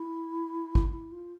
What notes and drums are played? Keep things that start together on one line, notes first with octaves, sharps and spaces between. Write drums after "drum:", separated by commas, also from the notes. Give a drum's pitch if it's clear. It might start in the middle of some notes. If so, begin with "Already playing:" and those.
Already playing: E4
drum: kick
E4
F4